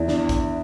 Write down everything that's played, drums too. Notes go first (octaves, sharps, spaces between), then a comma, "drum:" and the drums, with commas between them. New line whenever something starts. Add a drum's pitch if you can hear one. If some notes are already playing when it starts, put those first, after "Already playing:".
Already playing: E2
D4, drum: snare
drum: kick A#1, hi-hat